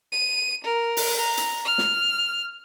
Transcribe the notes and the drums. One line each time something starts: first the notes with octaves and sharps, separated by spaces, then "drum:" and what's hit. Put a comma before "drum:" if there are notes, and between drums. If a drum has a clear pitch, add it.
D#7
A#4
drum: open hi-hat
A#5
drum: hi-hat
F6
drum: snare